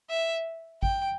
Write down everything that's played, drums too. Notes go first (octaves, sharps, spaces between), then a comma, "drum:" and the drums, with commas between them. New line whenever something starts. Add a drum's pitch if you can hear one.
E5
G5, drum: kick G#1